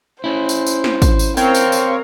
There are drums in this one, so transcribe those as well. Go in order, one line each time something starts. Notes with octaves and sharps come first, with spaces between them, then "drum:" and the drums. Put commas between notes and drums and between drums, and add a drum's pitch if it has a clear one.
C#4 E4 C5
drum: tambourine
drum: tambourine
drum: snare
drum: kick, tambourine
drum: tambourine
C4 A#4 C#5 F5 G5, drum: tambourine
drum: tambourine
drum: tambourine